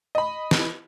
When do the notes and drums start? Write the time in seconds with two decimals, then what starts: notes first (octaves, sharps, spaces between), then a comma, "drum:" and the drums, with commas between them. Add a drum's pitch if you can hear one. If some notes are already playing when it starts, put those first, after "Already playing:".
0.15 D#5 B5
0.51 drum: snare